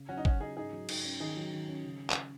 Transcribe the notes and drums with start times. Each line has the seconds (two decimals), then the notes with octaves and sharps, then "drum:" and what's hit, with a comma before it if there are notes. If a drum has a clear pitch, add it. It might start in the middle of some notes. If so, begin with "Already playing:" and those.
Already playing: C#3
0.09 F#3 C#4 F#4
0.17 D#4
0.25 C#3 C#4 F#4, drum: kick
0.40 C#4 D#4 G#4
0.57 G#2 D#4 G#4
0.73 F#3
0.89 G#2, drum: cymbal
1.05 C#4
1.20 D#3 D#4 G#4
1.37 F#3
1.53 D#3
1.68 C#4
1.84 C#3
2.10 drum: clap